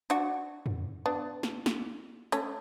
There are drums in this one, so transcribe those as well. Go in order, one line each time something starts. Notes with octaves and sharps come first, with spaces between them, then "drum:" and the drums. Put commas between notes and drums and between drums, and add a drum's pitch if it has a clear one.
D4 F#4, drum: hi-hat
drum: tom F2
B3 D4
drum: snare
drum: snare
A3 C#4, drum: hi-hat